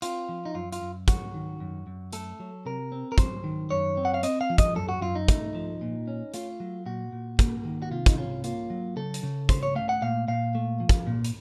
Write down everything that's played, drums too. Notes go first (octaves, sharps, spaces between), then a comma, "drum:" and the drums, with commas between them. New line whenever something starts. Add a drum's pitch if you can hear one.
C4 F4, drum: hi-hat
F3
D#4
F#2 F4
F4, drum: hi-hat
F#2
F#3 F#4, drum: kick, hi-hat
D#3
F#2
F#2
A3 A4, drum: hi-hat
F#3
C3 A#4
C4
A#4
F#3 C5, drum: kick, hi-hat
D#3
F#2 C#5
C4
F#5
F5
C4 D#5, drum: hi-hat
F5
F3
D#5, drum: kick, hi-hat
F#2 A4
F#4
F#2 F4
D#4
A3, drum: kick, hi-hat
F3
A#2
C#4
A3 F4, drum: hi-hat
F#3
A#2 F#4
A#2
A#3, drum: kick, hi-hat
D#3
F#4
C3 F4
D#4, drum: kick, hi-hat
C#4 F4
A#3 F4, drum: hi-hat
F#3
C#3 A4
drum: hi-hat
C#3
C#4 C5, drum: kick, hi-hat
C#5
A3 F5
F#5
A#2 F5
A#2 F5
A3
F3
drum: kick, hi-hat
A#2
drum: hi-hat